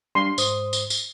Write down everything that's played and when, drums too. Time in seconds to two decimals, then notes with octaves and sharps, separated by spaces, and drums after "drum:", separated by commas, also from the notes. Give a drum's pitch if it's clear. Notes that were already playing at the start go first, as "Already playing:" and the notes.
0.15 G3 D4 C6
0.38 G#2 C5 D#6, drum: tambourine
0.73 drum: tambourine
0.90 drum: tambourine